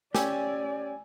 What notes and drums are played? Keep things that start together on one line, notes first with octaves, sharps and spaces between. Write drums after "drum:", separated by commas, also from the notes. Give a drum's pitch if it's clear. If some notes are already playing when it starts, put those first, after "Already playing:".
C#4 G4 D5 G#5 E6, drum: snare